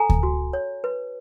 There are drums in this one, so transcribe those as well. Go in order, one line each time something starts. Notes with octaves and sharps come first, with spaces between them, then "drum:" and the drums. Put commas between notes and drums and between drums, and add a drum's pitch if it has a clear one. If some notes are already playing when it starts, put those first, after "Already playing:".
Already playing: A4 G#5 A#5
drum: kick D2
F#4
C#5
B4